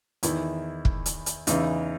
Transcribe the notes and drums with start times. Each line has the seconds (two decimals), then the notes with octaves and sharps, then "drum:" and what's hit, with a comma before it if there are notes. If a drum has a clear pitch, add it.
0.23 E2 D#3 E4, drum: hi-hat
0.85 drum: kick
1.06 drum: hi-hat
1.26 drum: hi-hat
1.47 E2 C#3 E3 D#4, drum: hi-hat